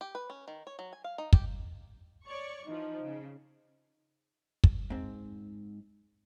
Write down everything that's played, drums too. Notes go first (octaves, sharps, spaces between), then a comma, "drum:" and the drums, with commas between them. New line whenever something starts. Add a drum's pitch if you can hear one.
G4
B4
C#4
D#3
C#5
F#3
G#5
F5
D#4
G4, drum: kick
C#5 D5 C#6
E3 F3 D#4
C#3
drum: kick
G#2 C4